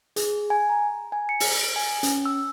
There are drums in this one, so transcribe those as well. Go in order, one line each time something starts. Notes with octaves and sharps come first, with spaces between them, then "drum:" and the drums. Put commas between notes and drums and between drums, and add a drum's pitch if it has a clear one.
G#4, drum: hi-hat
G#5
A#5
G#5
C#7
drum: open hi-hat
D7
G#5
C#4, drum: hi-hat
E6